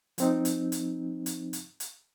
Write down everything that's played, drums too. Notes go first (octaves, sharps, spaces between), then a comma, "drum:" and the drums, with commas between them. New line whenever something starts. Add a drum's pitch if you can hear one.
F3 C4 D#4, drum: hi-hat
drum: hi-hat
drum: hi-hat
drum: hi-hat
drum: hi-hat
drum: hi-hat